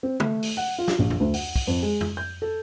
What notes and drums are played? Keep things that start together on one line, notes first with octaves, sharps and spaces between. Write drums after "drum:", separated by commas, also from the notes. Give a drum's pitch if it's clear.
C4
A3, drum: tom
drum: open hi-hat
F#5
F4
drum: snare
A#1
drum: tom F2
D2
F#5, drum: open hi-hat
drum: kick, open hi-hat
F2
G#3
drum: tom F2
G6
A4